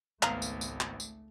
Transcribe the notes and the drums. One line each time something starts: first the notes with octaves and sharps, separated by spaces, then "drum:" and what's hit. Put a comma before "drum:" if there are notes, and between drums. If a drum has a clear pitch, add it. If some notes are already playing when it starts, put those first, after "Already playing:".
G#1 C#2 A3 B3 F5 A#5, drum: clap
drum: tambourine
drum: tambourine
drum: clap
drum: tambourine